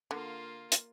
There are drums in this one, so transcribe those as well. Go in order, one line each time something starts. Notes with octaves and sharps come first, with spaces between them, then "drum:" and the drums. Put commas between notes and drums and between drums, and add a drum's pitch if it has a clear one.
D3 A#3 F4
drum: hi-hat